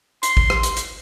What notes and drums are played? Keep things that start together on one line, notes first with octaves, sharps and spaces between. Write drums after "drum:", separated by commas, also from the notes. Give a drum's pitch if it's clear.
C6, drum: hi-hat
drum: kick A1
drum: rim click
drum: hi-hat
drum: hi-hat